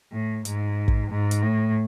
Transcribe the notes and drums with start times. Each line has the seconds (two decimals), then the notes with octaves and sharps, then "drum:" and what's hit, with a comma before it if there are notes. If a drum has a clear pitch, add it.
0.12 A2
0.45 G#2, drum: hi-hat
0.88 drum: kick
1.10 G#2
1.31 drum: hi-hat
1.42 A2